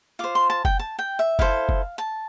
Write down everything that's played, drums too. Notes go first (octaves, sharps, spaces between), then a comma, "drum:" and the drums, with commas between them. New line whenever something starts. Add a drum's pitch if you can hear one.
F4 C5 D6
C6
A5
G5, drum: kick F#1
A5
G5
E5
E4 A4 C5 F5, drum: kick F#1
drum: kick F#1
A5